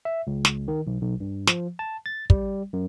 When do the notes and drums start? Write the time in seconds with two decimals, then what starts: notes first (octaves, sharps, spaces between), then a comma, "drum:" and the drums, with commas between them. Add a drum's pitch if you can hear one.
0.05 E5
0.27 C#2
0.45 drum: snare
0.68 D#3
0.87 B1
1.01 B1
1.20 G2
1.47 F3, drum: snare
1.79 A5
2.06 A6
2.30 G3, drum: kick
2.73 F#2